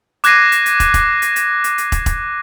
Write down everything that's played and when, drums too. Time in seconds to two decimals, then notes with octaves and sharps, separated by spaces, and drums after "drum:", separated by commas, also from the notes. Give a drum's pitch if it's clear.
0.24 D6 F#6 G#6 A#6 C7 D#7, drum: hi-hat
0.52 drum: hi-hat
0.66 drum: hi-hat
0.80 drum: kick, hi-hat
0.94 drum: kick, hi-hat
1.22 drum: hi-hat
1.36 drum: hi-hat
1.64 drum: hi-hat
1.78 drum: hi-hat
1.92 drum: kick, hi-hat
2.06 drum: kick, hi-hat